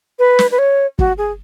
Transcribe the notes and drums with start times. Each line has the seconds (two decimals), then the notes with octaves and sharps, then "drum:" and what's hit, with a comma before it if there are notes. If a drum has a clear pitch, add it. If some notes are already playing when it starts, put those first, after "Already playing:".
0.19 B4
0.39 drum: snare
0.51 B4
0.58 C#5
0.99 F#4, drum: kick
1.18 G#4